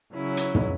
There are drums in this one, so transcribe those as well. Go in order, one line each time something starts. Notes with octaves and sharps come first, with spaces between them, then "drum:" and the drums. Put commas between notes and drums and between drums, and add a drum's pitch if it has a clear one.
C#3 F#3 C#4 E4
drum: hi-hat
drum: tom